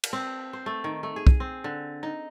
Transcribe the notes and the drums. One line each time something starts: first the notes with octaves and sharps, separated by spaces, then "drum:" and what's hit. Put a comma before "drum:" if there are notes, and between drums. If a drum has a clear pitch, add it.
drum: cymbal
C4
C5
A3
D#3
A3
G#4
drum: kick
C4
D3
D#4